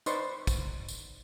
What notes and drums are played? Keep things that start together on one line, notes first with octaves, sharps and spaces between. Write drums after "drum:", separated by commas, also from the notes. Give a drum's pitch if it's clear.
D#4 B4 C5 D5 C6 C#6, drum: tambourine
drum: kick, tambourine
drum: tambourine